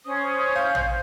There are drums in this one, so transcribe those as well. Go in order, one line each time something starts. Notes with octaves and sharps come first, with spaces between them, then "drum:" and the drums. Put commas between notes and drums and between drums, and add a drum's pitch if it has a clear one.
C#4 C5 D#6
F5 G6
C5, drum: tom